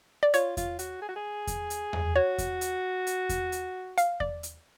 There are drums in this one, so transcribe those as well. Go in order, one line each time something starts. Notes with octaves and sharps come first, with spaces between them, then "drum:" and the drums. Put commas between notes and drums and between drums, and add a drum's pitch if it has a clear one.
D5
F4 C#5, drum: hi-hat
F4, drum: kick E2, hi-hat
F#4, drum: hi-hat
G#4
F#4
G#4
drum: kick E2, hi-hat
drum: hi-hat
drum: tom E2
F#4 C#5
drum: kick E2, hi-hat
drum: hi-hat
drum: hi-hat
drum: kick E2, hi-hat
drum: hi-hat
F5, drum: hi-hat
D5, drum: kick E2
drum: hi-hat